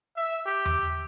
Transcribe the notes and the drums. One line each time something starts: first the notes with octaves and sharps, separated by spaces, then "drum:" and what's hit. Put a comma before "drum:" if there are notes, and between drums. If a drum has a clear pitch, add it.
E5
G4
drum: tom E2